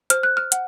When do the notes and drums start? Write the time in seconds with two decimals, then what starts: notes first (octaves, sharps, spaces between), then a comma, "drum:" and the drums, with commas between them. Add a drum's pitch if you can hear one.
0.10 C5 F6, drum: hi-hat
0.23 F#6
0.37 F6
0.52 F#5, drum: hi-hat